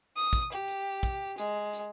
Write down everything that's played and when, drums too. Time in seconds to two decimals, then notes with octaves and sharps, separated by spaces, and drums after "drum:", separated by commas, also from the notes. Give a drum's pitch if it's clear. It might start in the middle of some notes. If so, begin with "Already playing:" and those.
0.16 D#6
0.33 drum: kick, hi-hat
0.52 G4
0.68 drum: hi-hat
1.03 drum: kick, hi-hat
1.38 G#3, drum: hi-hat
1.73 drum: hi-hat